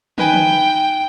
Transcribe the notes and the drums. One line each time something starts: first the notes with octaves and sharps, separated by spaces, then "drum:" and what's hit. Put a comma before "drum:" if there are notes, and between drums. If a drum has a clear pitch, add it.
D#4 B4 G5 G#5, drum: tom
drum: tom